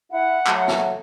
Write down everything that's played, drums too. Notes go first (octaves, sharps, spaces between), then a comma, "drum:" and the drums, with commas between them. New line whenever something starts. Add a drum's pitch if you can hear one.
E4 F#5
F#3 A3, drum: clap
drum: snare